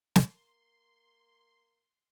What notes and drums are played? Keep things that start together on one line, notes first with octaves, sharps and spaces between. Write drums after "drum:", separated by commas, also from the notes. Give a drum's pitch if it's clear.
A#3 C6, drum: snare